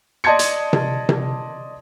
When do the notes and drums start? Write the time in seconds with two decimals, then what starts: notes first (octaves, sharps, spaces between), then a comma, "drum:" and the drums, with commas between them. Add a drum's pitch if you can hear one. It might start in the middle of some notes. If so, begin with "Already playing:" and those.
0.24 D5 D#5 A5 C6 G#6 C#7
0.39 drum: hi-hat
0.73 drum: tom C3
1.09 drum: tom C3